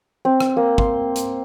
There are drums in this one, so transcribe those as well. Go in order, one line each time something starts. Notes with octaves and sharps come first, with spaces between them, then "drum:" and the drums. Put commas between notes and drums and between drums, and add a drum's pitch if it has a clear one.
C4
drum: rim click
A#3
C6, drum: kick
drum: hi-hat